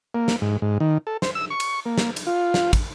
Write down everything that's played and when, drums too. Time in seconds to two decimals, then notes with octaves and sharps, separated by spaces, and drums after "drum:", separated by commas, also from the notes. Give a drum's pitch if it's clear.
0.15 A#3
0.28 drum: snare
0.42 G#2
0.62 G#2
0.80 D#3
1.07 A4
1.22 C5, drum: snare
1.35 E6
1.50 C#6
1.60 drum: cymbal
1.85 A#3
1.98 drum: snare
2.16 drum: cymbal
2.27 F4
2.54 drum: snare
2.73 drum: kick, cymbal